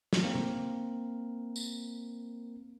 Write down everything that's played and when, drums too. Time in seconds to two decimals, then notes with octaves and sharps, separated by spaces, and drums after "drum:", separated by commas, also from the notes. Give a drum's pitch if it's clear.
0.13 drum: snare
0.24 A#3 C4 A#4
0.35 drum: tom C#3
1.56 drum: tambourine